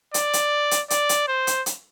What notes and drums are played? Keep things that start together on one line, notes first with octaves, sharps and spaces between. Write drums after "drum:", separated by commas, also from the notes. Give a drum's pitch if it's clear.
D5, drum: hi-hat
drum: hi-hat
drum: hi-hat
D5, drum: hi-hat
drum: hi-hat
C5
drum: hi-hat
drum: hi-hat